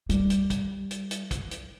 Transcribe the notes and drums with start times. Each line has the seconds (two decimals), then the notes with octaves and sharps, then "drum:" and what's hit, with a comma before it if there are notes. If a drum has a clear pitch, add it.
0.09 G3, drum: hi-hat
0.30 drum: hi-hat
0.50 drum: kick, hi-hat
0.91 drum: hi-hat
1.11 drum: hi-hat
1.31 drum: kick, hi-hat
1.51 drum: hi-hat